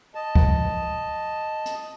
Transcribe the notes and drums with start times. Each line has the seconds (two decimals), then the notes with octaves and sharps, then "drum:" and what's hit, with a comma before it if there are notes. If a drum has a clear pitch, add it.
0.15 D#5 A5
0.35 drum: kick C#2
1.66 drum: hi-hat